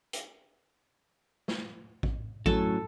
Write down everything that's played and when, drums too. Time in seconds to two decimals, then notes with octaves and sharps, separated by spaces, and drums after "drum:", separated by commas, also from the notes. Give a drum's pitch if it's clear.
0.13 drum: hi-hat
1.48 drum: snare
2.03 drum: kick A1
2.46 F#2 A2 F#3 A4, drum: kick A1